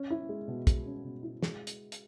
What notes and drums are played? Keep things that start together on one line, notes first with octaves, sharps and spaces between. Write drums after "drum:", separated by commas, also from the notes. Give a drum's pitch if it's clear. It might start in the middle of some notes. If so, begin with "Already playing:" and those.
Already playing: C#4
E4
G#3
B2
G#3, drum: kick, hi-hat
C#4
B2
E4
G#3, drum: snare
drum: hi-hat
drum: hi-hat